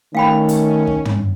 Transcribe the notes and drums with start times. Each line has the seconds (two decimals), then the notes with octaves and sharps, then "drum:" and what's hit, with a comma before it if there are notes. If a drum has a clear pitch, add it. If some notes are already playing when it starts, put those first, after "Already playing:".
0.15 D#3 A3 C#4 F5 G5 B5
0.49 drum: hi-hat
0.87 drum: kick
1.05 drum: tom